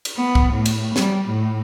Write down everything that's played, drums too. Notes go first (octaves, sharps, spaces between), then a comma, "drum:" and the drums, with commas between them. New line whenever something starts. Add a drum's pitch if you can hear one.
drum: cymbal
B3
drum: kick C2
A2
drum: cymbal
G3, drum: snare
A2